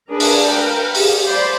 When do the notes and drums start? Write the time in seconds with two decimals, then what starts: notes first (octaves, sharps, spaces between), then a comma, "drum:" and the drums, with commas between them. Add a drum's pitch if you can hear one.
0.11 D4 G#4 A#4 B4
0.20 drum: open hi-hat
0.50 A#4 B4 G5
0.95 G4 G#4, drum: open hi-hat
1.27 C5 D5 B5